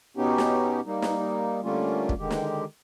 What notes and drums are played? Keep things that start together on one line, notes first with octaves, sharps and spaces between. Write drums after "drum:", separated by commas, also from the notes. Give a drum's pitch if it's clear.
B2 B3 C#4 D#4 G4
drum: snare
G3 A#3 D#4
drum: snare
D3 G3 A3 A#3 C#4 F4
drum: kick
D3 D#3 G#3 G4
drum: snare